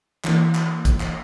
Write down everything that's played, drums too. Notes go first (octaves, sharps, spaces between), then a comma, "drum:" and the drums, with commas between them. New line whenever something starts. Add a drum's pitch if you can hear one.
E3 A#3, drum: clap
drum: clap
drum: kick, hi-hat
drum: clap